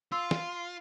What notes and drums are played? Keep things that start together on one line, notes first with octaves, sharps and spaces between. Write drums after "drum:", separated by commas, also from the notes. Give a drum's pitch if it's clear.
F4 C6 E6
drum: snare